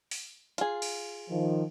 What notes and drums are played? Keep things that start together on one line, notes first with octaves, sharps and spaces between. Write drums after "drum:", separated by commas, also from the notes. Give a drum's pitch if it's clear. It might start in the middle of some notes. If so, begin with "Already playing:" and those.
drum: open hi-hat
F4 G#4, drum: hi-hat
drum: cymbal
D#3 F3